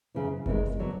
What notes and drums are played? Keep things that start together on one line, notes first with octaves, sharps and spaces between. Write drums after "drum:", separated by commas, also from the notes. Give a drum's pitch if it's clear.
F#2 C#3 E3
E2 C3 D#3 G#3, drum: kick F#1
D3 F#3 B3